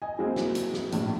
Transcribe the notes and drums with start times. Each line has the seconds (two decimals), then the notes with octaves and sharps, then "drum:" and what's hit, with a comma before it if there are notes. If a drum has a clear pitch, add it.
0.02 D#5 G#5
0.18 F#3 G#3 A#3 C4 E4 G#4
0.36 drum: snare
0.55 drum: hi-hat
0.74 drum: snare
0.92 A#1 A2, drum: hi-hat